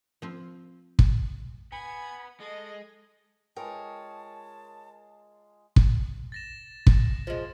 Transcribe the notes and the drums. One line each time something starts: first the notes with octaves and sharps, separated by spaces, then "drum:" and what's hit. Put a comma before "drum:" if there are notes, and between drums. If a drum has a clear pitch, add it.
F3 C4
drum: kick
B3 G#5 B5
G#3 A4 D#5
G#3 F4 G#4 A#4 C#5 G5 A5
drum: kick
A6 A#6 E7
drum: kick
F3 G#3